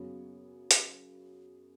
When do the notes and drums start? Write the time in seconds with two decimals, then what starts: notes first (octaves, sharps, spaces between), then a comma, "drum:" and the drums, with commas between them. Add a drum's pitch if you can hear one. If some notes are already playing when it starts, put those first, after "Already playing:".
Already playing: F#2 C#3 F#3 B3
0.71 drum: hi-hat